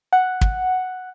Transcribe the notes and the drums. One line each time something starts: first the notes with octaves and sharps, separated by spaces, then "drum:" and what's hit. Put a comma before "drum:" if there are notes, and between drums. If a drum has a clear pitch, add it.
F#5
drum: kick